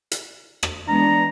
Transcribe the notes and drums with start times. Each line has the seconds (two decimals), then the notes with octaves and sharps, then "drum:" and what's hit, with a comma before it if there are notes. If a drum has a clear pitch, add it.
0.11 drum: hi-hat
0.63 drum: rim click
0.88 E3 G#3 B3 D4 A#5